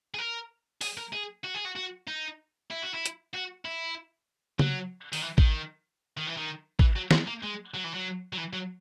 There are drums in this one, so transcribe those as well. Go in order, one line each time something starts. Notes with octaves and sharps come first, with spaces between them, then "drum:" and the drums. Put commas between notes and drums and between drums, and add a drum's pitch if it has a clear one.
G#4
A#4
G#4, drum: open hi-hat
A#4
G#4
F#4
G#4
F#4
F#4
D#4
E4
F#4
E4
drum: hi-hat
F#4
E4
F#3, drum: tom C#3
D#3, drum: open hi-hat
E3
D#3, drum: kick
D#3
E3
D#3
E3, drum: kick
F#3
G#3, drum: snare
A#3
G#3
F#3
E3
F#3
F#3
E3
F#3